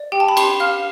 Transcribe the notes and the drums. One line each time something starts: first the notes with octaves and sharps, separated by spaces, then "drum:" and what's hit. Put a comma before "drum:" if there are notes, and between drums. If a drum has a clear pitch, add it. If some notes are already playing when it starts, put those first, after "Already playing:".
Already playing: D5
G4 G5
A5
B5
G4 C6, drum: cymbal
F5 F6